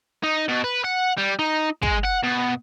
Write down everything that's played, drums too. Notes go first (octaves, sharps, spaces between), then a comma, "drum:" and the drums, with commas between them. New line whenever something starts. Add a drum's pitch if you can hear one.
D#4
B2
B4
F#5
G3
D#4
G#3, drum: kick
F#5
B2